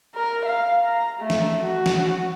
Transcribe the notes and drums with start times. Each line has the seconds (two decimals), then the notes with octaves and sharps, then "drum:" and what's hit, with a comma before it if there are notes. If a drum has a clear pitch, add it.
0.15 A#4
0.46 F5
0.84 A#5
1.21 A3
1.30 drum: snare
1.61 F#4
1.86 drum: snare